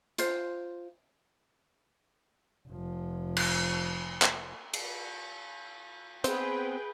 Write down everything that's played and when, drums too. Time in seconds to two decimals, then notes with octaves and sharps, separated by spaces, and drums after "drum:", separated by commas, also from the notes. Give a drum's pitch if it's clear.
0.18 F4 C5, drum: hi-hat
2.68 F1 F3
3.37 drum: cymbal
4.22 drum: clap
4.73 drum: cymbal
6.24 B3 C4 G#4 B4 C5 G5, drum: hi-hat